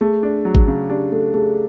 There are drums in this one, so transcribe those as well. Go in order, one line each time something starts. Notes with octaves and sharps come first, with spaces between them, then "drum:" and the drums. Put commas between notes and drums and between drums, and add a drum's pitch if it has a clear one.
A3 G#4
D4
F#3
drum: kick
C#3
D4 G4
A3 A4
A3 G#4